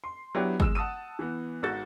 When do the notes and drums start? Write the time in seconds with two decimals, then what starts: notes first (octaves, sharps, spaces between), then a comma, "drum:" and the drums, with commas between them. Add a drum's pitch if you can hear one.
0.04 C6
0.35 F#3 B3 D4 E4 G4
0.60 G#3 E6 E7, drum: kick
0.75 F#5 A5 D#6 E6 D#7
1.19 E3 B3
1.62 G#1 G#2 F#4 A4 A6